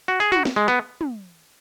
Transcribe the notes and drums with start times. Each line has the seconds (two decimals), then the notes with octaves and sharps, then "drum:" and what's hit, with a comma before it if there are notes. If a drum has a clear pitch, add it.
0.08 F#4
0.20 G#4
0.32 F#4, drum: tom
0.45 drum: snare
0.56 G#3
0.68 B3
1.01 drum: tom